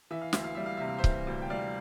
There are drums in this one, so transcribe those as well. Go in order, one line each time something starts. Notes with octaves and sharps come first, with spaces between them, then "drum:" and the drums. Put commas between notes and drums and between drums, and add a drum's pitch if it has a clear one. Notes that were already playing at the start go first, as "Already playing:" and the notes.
E3 E5
F5
D2 E5, drum: snare
F5
G3 E5
F5
C3 E5
F5
C5 E5
E3, drum: kick C#1
D2
G5
G3 D5 F5